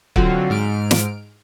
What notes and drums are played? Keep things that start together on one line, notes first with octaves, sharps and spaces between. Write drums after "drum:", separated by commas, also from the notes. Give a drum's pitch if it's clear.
D3 F#3 C4 F4 F#4, drum: kick
G#2 F6 D7
drum: snare